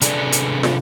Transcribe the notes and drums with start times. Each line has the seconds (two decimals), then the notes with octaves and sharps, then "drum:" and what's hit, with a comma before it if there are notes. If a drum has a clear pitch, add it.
0.01 C3 D4 G#4 A4 B4 D5, drum: hi-hat
0.32 drum: hi-hat
0.63 drum: snare